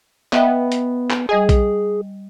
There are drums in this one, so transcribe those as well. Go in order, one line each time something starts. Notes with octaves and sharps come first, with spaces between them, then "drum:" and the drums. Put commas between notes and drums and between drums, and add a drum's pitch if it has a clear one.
B3 D#5 E5 G5, drum: clap
drum: hi-hat
drum: clap
G3 G#4 D#5 G#5
drum: kick A#1, hi-hat